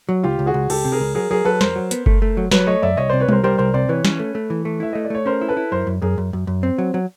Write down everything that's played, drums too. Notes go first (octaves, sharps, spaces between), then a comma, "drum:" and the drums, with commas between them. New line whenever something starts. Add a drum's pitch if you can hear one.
F#3
C#2 F4 G4
C#2
F#4 G#4
C#2
C#2 G4 A4, drum: cymbal
C3
G#4 A#4
C#2
F#3 G#4 A#4
F#3 G#4 A#4
F#3 A4 B4
F2 A#4 C5, drum: snare
F#3
B3, drum: hi-hat
A3, drum: kick F#1
A3
F#3
F#3 B4 C#5, drum: snare
A3 C#5 D#5
F#2 D5 E5
C2 C#5 D#5
C3 C5 D5
B4 C#5
C2 A#4 C5, drum: tom G3
G3 A#4 C5
C2 A#4 C5
C3 C5 D5
E3 B4 C#5
C#4, drum: snare
A3
A3
E3
A3
E4 E5
A3 D#5
D5
A3 C#5
C#4 A#4 C5
E4
A4 B4
E4
F#2 A#4 C5
F#2
F#2 G#4 A#4
F#2
F#2
F#2
C4
F#3
F#3